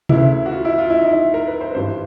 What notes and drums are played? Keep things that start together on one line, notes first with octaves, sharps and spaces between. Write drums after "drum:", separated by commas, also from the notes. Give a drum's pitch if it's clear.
D2 C#3 E3 E4, drum: tom C3
F#4
F4
E4
F4
E4
D#4
E4
A#4
B4
C5
B4
G#1 G2 E3 C5